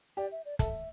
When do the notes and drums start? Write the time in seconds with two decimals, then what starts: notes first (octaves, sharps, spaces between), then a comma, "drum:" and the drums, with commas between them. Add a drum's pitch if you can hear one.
0.17 G4 D5
0.32 E5
0.45 D5
0.59 A4 E5, drum: kick, hi-hat